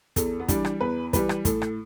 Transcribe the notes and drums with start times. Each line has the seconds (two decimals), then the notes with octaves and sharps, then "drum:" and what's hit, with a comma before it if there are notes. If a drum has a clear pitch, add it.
0.16 E2 A4, drum: kick, hi-hat
0.40 B3
0.48 E3 G3 D4, drum: kick, hi-hat
0.65 drum: rim click
0.81 E2 B4
1.13 E3 G3 B4, drum: kick, hi-hat
1.29 drum: rim click
1.45 A2 A4, drum: kick, hi-hat
1.62 drum: rim click